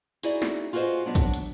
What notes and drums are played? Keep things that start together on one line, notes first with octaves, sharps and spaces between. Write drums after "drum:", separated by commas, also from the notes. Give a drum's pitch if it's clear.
D#4 E4 F#4 G#4 D5 D#5, drum: hi-hat
drum: snare
F4 F#4 G#4 A#4 C5 D#5
F#3 B3 D4
drum: kick, hi-hat
drum: hi-hat